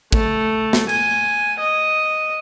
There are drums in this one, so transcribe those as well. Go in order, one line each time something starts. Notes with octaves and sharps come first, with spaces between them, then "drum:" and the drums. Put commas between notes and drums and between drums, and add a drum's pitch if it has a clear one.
A3, drum: kick
drum: snare
G#5, drum: cymbal
D#5